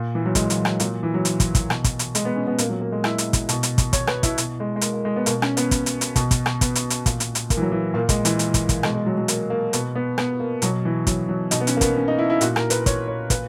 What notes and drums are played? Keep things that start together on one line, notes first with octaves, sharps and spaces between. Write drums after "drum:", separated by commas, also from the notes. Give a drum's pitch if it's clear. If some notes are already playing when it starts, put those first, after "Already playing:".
Already playing: A#2
E3
F#3
G#3, drum: kick, hi-hat
F#3, drum: hi-hat
F#3, drum: rim click
A#2 F#3, drum: hi-hat
E3
F#3
drum: hi-hat
drum: kick, hi-hat
drum: kick, hi-hat
B2, drum: rim click
drum: kick, hi-hat
drum: hi-hat
G#3, drum: hi-hat
B3
C#4
B3
A#2 A#3, drum: hi-hat
F#3
A#3
G#3
E4, drum: rim click
drum: hi-hat
drum: kick, hi-hat
B2, drum: hi-hat
drum: hi-hat
drum: kick, hi-hat
C#5, drum: kick, hi-hat
B4, drum: rim click
E4, drum: kick, hi-hat
B2, drum: hi-hat
G#3
G#3
A#3, drum: hi-hat
A#3
G#3
B3
B2 A#3, drum: hi-hat
C#4, drum: rim click
B3, drum: hi-hat
drum: kick, hi-hat
drum: hi-hat
drum: hi-hat
B2, drum: kick, hi-hat
drum: kick, hi-hat
drum: rim click
B3, drum: kick, hi-hat
drum: hi-hat
drum: hi-hat
A#2, drum: kick, hi-hat
drum: hi-hat
drum: hi-hat
A#3, drum: kick, hi-hat
E3
F#3
E3
A#2 A#3
G#3, drum: kick, hi-hat
E3, drum: hi-hat
drum: hi-hat
drum: kick, hi-hat
drum: kick, hi-hat
B2 G#3, drum: rim click
G#3
F#3
F#3
A#3, drum: hi-hat
A#3
B2 B3, drum: hi-hat
B3
B3, drum: rim click
A#3
B2 F#3, drum: hi-hat
E3
F#3, drum: kick, hi-hat
F#3
B2 D#4, drum: hi-hat
B3
C#4, drum: hi-hat
A#3
B3, drum: kick, hi-hat
C#4
D#4
E4
E4
A#2 F#4, drum: hi-hat
A#4, drum: rim click
B4, drum: hi-hat
C#5, drum: kick, hi-hat
C#5
A#2 B4, drum: kick, hi-hat